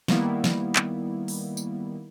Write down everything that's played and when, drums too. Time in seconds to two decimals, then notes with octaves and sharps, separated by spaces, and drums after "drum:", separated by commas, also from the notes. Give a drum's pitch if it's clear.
0.08 D#3 G3 A#3 B3 E4, drum: snare
0.44 drum: snare
0.76 drum: clap
1.28 drum: open hi-hat
1.57 drum: tambourine